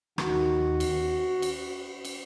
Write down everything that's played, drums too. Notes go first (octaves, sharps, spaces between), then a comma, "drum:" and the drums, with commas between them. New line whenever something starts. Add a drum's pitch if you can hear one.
D#2 D#3 F#4, drum: rim click
drum: cymbal
drum: cymbal
drum: cymbal